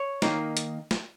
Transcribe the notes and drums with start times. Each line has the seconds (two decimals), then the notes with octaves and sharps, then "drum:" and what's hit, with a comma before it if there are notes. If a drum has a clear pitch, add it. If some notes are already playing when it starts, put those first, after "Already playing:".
Already playing: C#5
0.22 D#3 A#3 D#4, drum: snare
0.57 drum: hi-hat
0.91 drum: snare